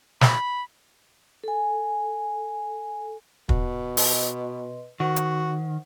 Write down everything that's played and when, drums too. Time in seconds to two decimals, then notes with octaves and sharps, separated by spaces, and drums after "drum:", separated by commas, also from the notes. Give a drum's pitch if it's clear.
0.21 B5, drum: snare
1.44 A4 G#5
3.49 B2, drum: kick
3.97 B4 D#5 C6, drum: open hi-hat
5.00 D#3 F#4 C5 F#5
5.16 drum: hi-hat